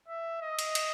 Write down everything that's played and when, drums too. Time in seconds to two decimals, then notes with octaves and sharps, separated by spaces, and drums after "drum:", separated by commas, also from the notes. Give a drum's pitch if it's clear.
0.08 E5
0.42 D#5
0.59 drum: cymbal
0.75 drum: cymbal